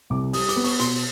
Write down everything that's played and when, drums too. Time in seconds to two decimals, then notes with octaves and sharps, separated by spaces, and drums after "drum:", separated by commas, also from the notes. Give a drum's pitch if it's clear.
0.10 C2 D6
0.33 G3 D#6, drum: open hi-hat
0.49 D6, drum: hi-hat
0.56 B3
0.64 C#6, drum: open hi-hat
0.80 B2 C6, drum: hi-hat
0.95 drum: open hi-hat